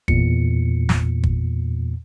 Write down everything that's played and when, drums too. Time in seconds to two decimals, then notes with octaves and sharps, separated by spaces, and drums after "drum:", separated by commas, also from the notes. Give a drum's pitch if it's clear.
0.08 E2 A#2 C#7, drum: kick
0.89 drum: snare
1.23 drum: kick